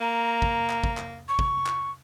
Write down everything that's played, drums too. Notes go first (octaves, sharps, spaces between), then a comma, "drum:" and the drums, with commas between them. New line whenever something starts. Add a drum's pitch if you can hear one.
A#3 A#5
drum: kick
drum: clap
drum: kick
drum: clap
C#6
drum: kick
drum: clap